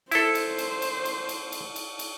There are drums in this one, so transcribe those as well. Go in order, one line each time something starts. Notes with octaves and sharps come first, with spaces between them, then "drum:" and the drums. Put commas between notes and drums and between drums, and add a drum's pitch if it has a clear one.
E4 A4 C5, drum: cymbal
drum: cymbal
drum: cymbal
drum: cymbal
drum: cymbal
drum: cymbal
drum: cymbal
drum: cymbal
drum: cymbal